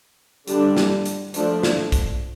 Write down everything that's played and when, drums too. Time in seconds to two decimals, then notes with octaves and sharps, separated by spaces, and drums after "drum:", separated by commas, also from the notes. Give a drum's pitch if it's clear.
0.48 D3 G3 D4, drum: hi-hat
0.77 drum: snare
1.06 drum: hi-hat
1.34 F3 A3 D4, drum: hi-hat
1.63 drum: snare
1.92 drum: kick, hi-hat